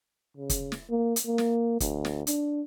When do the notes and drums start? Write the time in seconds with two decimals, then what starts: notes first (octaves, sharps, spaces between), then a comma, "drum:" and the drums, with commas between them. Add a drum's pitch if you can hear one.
0.37 C#3
0.50 drum: kick, hi-hat
0.72 drum: snare
0.90 A#3
1.16 drum: hi-hat
1.26 A#3
1.38 drum: snare
1.80 D2, drum: kick, hi-hat
2.05 drum: snare
2.27 D4, drum: hi-hat